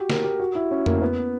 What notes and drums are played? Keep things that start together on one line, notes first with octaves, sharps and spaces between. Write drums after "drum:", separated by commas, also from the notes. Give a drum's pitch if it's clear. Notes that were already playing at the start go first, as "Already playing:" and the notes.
Already playing: F#4 G4
A#4, drum: snare
G4
F#4
E4
C#4
A#3, drum: tom F2
B3